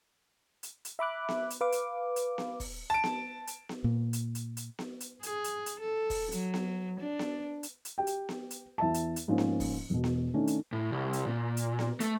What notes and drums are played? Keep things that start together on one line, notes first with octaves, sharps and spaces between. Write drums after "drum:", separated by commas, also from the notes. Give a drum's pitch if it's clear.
drum: hi-hat
drum: hi-hat
E5 B5 D6 F#6
drum: snare B3
drum: hi-hat
B4 F5 D6
drum: hi-hat
drum: hi-hat
drum: snare B3
drum: kick, open hi-hat
A5 D7
drum: snare B3
drum: hi-hat
drum: snare B3
A#2
drum: hi-hat
drum: hi-hat
drum: hi-hat
drum: snare B3
drum: hi-hat
G#4, drum: hi-hat
drum: hi-hat
drum: hi-hat
A4
drum: kick, open hi-hat
F#3, drum: hi-hat
drum: snare B3
D4
drum: snare B3
drum: hi-hat
drum: hi-hat
G4 G5
drum: hi-hat
drum: snare B3
drum: hi-hat
E2 E5 A5
drum: hi-hat
drum: hi-hat
G#2 F3 A#3 C#4
drum: snare B3
drum: kick, open hi-hat
E1 B2
drum: snare B3
D#3 A3 C#4 D4
drum: hi-hat
A2
C2
drum: hi-hat
A#2
drum: hi-hat
drum: snare B3
A3, drum: hi-hat